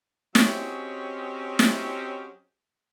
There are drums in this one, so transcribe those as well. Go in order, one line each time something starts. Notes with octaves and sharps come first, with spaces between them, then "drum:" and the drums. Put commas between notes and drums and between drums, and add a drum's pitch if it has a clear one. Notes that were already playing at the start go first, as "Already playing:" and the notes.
F#3 C4 C#4 G4 G#4 D#5, drum: snare
drum: snare